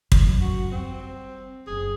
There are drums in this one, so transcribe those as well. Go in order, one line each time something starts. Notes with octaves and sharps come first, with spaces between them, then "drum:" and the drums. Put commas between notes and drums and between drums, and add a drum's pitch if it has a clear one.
F#2, drum: kick
F#4
G3 C4
F#1 F#2 G#4